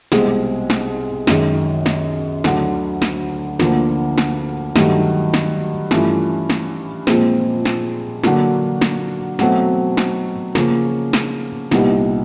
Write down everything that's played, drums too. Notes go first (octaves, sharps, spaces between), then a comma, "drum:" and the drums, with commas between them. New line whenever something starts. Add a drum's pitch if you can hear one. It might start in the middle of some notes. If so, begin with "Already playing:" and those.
C2 B2 G#3 C4, drum: snare
drum: snare
F#2 D#3 G#3, drum: snare
drum: snare
D2 D3 F#3, drum: snare
drum: snare
D2 D3 F3 A#3, drum: snare
drum: snare
G2 D#3 F#3 A3, drum: snare
drum: snare
G2 E3 A3 C#4 F4, drum: snare
drum: snare
A#2 F3 G#3 C4, drum: snare
drum: snare
D3 F#3 A#3 D4 F#4, drum: snare
drum: snare
B2 F#3 A3 C4, drum: snare
drum: snare
C#3 F3 A#3 C#4, drum: snare
drum: snare
C2 A#2 G3 B3 D#4, drum: snare